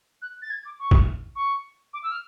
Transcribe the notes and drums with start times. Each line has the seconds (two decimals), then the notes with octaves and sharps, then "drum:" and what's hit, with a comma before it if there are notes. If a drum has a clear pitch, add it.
0.22 F#6
0.42 A6
0.51 G#6
0.65 D6
0.79 C#6
0.91 drum: kick
1.36 C#6
1.94 D6
2.03 E6
2.12 F6